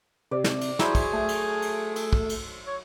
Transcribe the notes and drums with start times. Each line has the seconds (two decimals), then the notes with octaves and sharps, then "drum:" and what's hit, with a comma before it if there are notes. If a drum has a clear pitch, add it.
0.31 C3 D5
0.44 drum: snare
0.61 drum: cymbal
0.79 F#3 E4 G#4 C5 C#6, drum: snare
0.95 drum: kick, cymbal
1.13 A3
1.28 drum: cymbal
1.62 drum: cymbal
1.96 E6, drum: cymbal
2.13 drum: kick
2.29 drum: cymbal
2.67 C#5